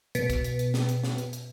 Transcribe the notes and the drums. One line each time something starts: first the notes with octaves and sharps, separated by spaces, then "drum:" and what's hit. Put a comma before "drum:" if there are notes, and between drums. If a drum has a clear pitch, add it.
B2, drum: hi-hat
drum: kick, hi-hat
drum: hi-hat
drum: hi-hat
drum: snare
drum: hi-hat
drum: snare
drum: hi-hat
drum: hi-hat